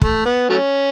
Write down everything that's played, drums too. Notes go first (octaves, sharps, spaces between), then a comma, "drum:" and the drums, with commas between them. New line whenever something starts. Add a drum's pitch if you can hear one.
A3, drum: kick
B3
F#3 A3 C#4